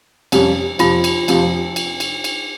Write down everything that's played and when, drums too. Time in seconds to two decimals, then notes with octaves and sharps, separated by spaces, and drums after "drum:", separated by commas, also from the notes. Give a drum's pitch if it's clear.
0.32 F2 C3 G3 C#4, drum: cymbal
0.79 F2 C3 F3 F4, drum: cymbal
1.04 drum: cymbal
1.28 F2 C3 F3, drum: cymbal
1.76 drum: cymbal
2.00 drum: cymbal
2.24 drum: cymbal